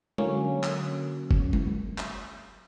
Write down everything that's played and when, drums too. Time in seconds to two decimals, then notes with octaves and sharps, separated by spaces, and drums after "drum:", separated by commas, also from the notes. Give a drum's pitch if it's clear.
0.18 D3 F#3 A#3 C#4, drum: tom G#3
0.63 drum: clap
1.31 drum: kick F#1
1.53 drum: tom G#3
1.98 drum: clap